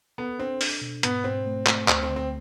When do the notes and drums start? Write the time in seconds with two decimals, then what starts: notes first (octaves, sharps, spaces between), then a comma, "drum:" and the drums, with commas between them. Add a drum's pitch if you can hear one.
0.18 B3 A4
0.39 C4 D4
0.61 D4, drum: open hi-hat
0.82 B2
1.03 G#2 B3, drum: hi-hat
1.24 G#2 C4
1.46 A3
1.67 A3, drum: clap
1.88 D2 C4, drum: clap
2.03 C4
2.09 D3
2.16 C4